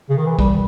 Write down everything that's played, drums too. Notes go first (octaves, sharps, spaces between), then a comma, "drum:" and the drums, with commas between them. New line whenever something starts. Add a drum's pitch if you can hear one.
C#3
D#3
E3
G3, drum: kick